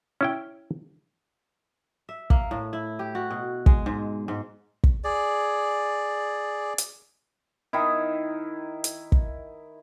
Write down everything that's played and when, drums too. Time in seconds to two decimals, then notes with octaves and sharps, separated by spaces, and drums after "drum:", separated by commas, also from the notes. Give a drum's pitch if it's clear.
0.21 C#4 E4 G5
2.09 E5
2.30 A#3, drum: kick
2.51 A2
2.73 E4
2.99 G4
3.15 F#4
3.31 B2
3.66 G#3, drum: kick
3.86 G#2
4.28 G#2
4.84 drum: kick
5.04 G#4 D5
6.78 drum: hi-hat
7.73 D#3 E4
8.84 drum: hi-hat
9.12 drum: kick